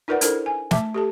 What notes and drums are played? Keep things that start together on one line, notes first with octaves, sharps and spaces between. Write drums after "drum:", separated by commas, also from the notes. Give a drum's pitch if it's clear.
D#4 F4 A#4 B4 D5 F#5
D4 E4 A4 A#4 C5, drum: hi-hat
G#5
A3 E5 A5 D6, drum: snare
G4 A4 A5